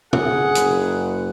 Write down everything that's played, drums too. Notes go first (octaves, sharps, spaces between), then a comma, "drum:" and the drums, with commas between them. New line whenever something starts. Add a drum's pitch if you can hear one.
G#4 F#5, drum: tom
F#1, drum: hi-hat